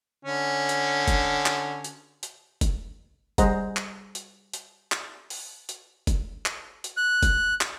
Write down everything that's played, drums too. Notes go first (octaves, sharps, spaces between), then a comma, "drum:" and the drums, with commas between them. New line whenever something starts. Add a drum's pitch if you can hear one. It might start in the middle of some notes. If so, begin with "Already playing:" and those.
D3 C#4
drum: hi-hat
drum: kick F1, hi-hat
drum: clap
drum: hi-hat
drum: hi-hat
drum: kick F1, hi-hat
G3 G#4 C5 D#5 F#5 A#5, drum: kick F1, hi-hat
drum: clap
drum: hi-hat
drum: hi-hat
drum: clap
drum: open hi-hat
drum: hi-hat
drum: kick F1, hi-hat
drum: clap
drum: hi-hat
F#6
drum: kick F1, hi-hat
drum: clap